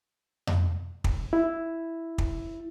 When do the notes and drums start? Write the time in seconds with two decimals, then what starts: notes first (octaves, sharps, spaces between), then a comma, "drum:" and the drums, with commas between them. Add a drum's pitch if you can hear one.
0.47 drum: tom F2
1.04 drum: kick
1.33 E4
2.18 drum: kick